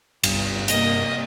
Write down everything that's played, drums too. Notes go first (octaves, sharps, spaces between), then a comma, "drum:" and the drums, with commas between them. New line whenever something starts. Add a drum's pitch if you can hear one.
G1 C2 G2, drum: cymbal
C3 A#3 D#5, drum: hi-hat